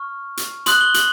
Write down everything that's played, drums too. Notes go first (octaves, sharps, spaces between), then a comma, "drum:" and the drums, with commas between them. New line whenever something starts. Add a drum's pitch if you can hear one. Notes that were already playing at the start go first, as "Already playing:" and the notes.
Already playing: C#6 F6
drum: hi-hat
C6 D#6 F#6 F#7, drum: hi-hat
G7
F#7, drum: hi-hat